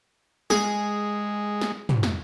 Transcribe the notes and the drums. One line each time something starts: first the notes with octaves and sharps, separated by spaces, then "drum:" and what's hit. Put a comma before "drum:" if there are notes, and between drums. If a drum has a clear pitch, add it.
G#3 G#4, drum: snare
drum: snare
drum: tom
drum: snare